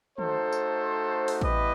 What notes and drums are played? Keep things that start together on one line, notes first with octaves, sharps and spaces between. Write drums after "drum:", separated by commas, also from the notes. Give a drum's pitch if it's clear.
A3 D#4 F#4 A4 C5, drum: tom
drum: tambourine
drum: open hi-hat
G3 B3 E4 G4 B4 D#5, drum: kick A1